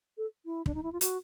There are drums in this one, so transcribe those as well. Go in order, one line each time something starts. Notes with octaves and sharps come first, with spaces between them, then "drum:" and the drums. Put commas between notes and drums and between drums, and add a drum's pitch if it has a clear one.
A4
E4
D4, drum: kick
D#4
E4
F4
F#4, drum: hi-hat